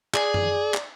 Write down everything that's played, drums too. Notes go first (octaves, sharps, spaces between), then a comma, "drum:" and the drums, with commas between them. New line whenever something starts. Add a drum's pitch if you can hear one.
G#4 D5, drum: clap
drum: tom
drum: clap